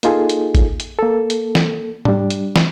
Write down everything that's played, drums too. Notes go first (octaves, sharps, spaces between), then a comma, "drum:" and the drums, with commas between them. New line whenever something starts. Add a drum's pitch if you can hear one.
A#3 D#4 F4 G#4 A4, drum: hi-hat
drum: hi-hat
drum: kick G#1, hi-hat
drum: hi-hat
A#3 A4
drum: hi-hat
drum: snare
G3 D4, drum: tom G#2
drum: hi-hat
drum: snare